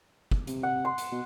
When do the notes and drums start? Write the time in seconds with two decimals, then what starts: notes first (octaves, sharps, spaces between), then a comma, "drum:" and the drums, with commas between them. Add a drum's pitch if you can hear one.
0.31 drum: kick
0.47 C3, drum: hi-hat
0.63 F#5
0.85 C6
0.98 drum: hi-hat
1.12 B2